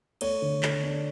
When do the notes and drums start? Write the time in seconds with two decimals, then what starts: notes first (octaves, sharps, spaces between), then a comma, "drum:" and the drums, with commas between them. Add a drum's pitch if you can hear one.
0.21 A3 C#5, drum: cymbal
0.42 D3
0.63 D3, drum: clap
0.83 D4